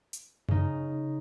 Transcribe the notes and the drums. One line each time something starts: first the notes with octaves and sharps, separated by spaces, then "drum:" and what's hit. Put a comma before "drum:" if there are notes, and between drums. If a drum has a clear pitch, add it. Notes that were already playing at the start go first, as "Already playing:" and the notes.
drum: hi-hat
C#3 D#4, drum: tom F#2